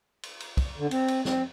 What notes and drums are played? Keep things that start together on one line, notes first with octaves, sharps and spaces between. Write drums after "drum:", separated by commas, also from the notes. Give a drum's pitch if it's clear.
drum: cymbal
drum: cymbal
drum: kick, cymbal
D3
C4, drum: cymbal
drum: cymbal
C4, drum: snare